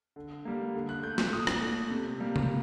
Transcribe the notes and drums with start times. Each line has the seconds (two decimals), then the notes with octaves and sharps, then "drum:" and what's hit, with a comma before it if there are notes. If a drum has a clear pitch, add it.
0.16 D3
0.45 G3 A#3
0.74 D3
0.89 F#6
1.03 A3 G6
1.18 F#6, drum: snare
1.33 A#2 D#6
1.47 drum: rim click
1.61 A3
1.90 C3
2.20 G3 A#3
2.36 drum: tom C3